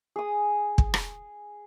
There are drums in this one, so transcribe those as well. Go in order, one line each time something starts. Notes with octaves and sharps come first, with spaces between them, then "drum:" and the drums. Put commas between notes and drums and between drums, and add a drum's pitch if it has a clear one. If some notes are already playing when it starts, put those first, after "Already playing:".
G#4 D#6
drum: kick
drum: rim click